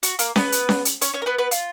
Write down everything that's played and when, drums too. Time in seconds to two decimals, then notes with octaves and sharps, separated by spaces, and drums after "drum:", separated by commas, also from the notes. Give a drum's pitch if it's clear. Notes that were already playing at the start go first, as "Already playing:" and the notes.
0.03 F#4, drum: hi-hat
0.19 A#3 A#4, drum: hi-hat
0.36 B3 B4, drum: snare C#4
0.52 drum: hi-hat
0.69 drum: snare C#4
0.85 drum: hi-hat
1.01 C#4 C#5, drum: hi-hat
1.14 C#4 C#5
1.22 A#4
1.26 B3 B4
1.38 B3 B4
1.51 F4, drum: hi-hat